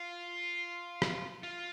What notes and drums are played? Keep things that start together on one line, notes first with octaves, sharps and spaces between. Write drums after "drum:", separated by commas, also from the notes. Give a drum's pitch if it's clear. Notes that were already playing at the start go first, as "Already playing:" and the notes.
Already playing: F4
drum: rim click
F4